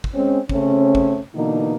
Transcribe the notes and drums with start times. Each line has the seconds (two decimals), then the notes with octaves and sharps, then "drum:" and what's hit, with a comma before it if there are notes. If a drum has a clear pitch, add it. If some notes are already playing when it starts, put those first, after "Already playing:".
0.04 drum: kick
0.14 G#3 C4 C#4
0.49 C#3 A3 C4 C#4, drum: kick
0.95 drum: kick
1.34 B2 D3 E3 A#3 D#4